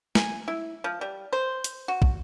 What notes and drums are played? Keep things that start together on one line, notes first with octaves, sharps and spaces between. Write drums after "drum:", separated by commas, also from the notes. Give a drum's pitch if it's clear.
G#5, drum: snare
E4
F3
G3
C5
drum: hi-hat
F#4
drum: kick